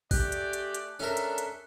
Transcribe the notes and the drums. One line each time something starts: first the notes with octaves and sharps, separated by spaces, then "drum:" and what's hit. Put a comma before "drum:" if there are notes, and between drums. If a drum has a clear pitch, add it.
A3 G4 G#4 D5 F#6, drum: kick A#1, open hi-hat
drum: hi-hat
drum: hi-hat
drum: hi-hat
G#3 C#4 D4 A4 A#4 E5
drum: hi-hat
drum: hi-hat